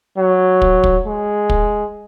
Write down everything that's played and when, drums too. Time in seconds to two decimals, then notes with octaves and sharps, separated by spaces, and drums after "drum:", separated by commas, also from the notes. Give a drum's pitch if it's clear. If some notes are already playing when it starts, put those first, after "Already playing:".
0.18 F#3
0.62 drum: kick
0.84 drum: kick
1.06 G#3
1.50 drum: kick